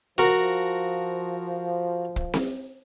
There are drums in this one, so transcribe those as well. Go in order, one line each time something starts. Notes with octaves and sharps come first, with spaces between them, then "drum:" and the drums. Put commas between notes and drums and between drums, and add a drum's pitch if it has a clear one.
F3 F#4 A#4
drum: kick
drum: snare C4